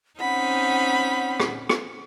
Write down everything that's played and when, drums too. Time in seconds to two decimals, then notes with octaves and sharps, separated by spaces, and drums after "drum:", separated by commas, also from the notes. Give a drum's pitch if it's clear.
0.20 C4 C#4 D#4 F#5 B5
1.40 drum: rim click
1.69 drum: rim click